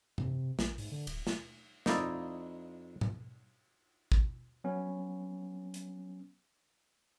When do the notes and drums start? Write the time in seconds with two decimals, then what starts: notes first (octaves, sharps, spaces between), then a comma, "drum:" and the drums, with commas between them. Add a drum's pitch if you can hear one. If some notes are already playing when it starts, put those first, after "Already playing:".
0.18 C3, drum: tom G#2
0.59 A#1, drum: snare
0.78 G#2, drum: open hi-hat
0.92 D3
1.07 D1, drum: cymbal
1.27 drum: snare
1.86 F2 D#4 E4 D5 D#5 F5, drum: snare
3.01 drum: tom G#2
4.12 drum: kick
4.64 F#3 B3 C#4
5.74 drum: hi-hat